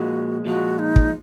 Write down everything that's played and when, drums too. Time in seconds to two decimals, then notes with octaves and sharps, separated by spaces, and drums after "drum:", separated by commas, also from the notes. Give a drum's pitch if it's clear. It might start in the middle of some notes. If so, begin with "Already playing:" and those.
Already playing: A#2 F3 G#3 F#4
0.45 A#2 F3 G#3 F#4
0.79 D#4
0.96 drum: kick